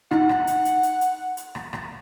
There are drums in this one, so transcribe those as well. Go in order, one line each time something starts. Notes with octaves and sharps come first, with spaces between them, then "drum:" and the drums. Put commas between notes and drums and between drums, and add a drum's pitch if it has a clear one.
D#4 F#5, drum: rim click
drum: rim click
drum: hi-hat
drum: hi-hat
drum: hi-hat
drum: hi-hat
drum: hi-hat
drum: rim click
drum: rim click